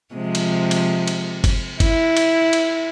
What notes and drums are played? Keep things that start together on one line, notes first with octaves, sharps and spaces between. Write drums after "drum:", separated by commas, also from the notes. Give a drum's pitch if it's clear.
C3 F3 G#3
drum: cymbal
drum: cymbal
drum: cymbal
drum: kick, cymbal
E4, drum: kick, cymbal
drum: cymbal
drum: cymbal